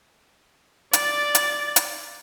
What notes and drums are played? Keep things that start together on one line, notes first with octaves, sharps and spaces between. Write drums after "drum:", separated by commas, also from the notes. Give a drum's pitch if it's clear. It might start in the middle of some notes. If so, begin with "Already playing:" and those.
D5 A6, drum: hi-hat
drum: hi-hat
drum: hi-hat